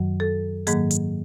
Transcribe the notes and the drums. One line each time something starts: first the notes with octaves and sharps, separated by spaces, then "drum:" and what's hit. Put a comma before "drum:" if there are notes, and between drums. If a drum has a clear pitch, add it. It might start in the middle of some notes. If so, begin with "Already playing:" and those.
Already playing: F#2 D#3 F#3
A4
G#2 D#3 F#3 A#3 G#4, drum: hi-hat
drum: hi-hat